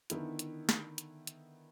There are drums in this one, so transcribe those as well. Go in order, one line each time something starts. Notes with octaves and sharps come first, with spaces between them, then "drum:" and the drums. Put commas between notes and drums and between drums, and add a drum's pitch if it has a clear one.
D3 D#3 B3 E4, drum: hi-hat
drum: hi-hat
drum: snare
drum: hi-hat
drum: hi-hat